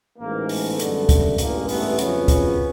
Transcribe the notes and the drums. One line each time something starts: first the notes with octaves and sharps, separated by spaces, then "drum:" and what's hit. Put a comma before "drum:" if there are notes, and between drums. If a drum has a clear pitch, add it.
A1 G#2 E3 G#3 A#3
A3 B3, drum: open hi-hat
F#2 D3 G3, drum: hi-hat
drum: kick, hi-hat
A1 G2 E3 G#3 A#3, drum: hi-hat
A3 B3, drum: open hi-hat
F2 C#3 F#3 B3 C#4, drum: hi-hat
drum: kick, hi-hat